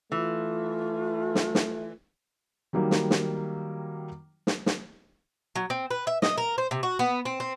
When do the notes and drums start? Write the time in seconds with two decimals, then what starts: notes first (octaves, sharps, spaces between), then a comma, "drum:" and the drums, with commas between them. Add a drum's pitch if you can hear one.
0.12 E3 A3 F4
1.35 drum: snare
1.55 drum: snare
2.73 D#3 F#3 G3 A#3
2.91 drum: snare
3.11 drum: snare
4.47 drum: snare
4.66 drum: snare
5.55 F#3
5.70 C4
5.91 B4
6.07 E5
6.22 D#5, drum: snare
6.38 A#4
6.58 C5
6.71 C3
6.83 F#4
6.99 B3
7.25 C4
7.40 C4